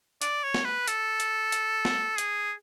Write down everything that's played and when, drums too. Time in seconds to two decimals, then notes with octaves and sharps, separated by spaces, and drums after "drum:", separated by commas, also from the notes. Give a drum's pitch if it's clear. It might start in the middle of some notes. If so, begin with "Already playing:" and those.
0.22 D5, drum: hi-hat
0.44 C#5
0.54 drum: snare
0.65 B4
0.88 A4, drum: hi-hat
1.20 drum: hi-hat
1.52 drum: hi-hat
1.85 drum: snare
2.18 G#4, drum: hi-hat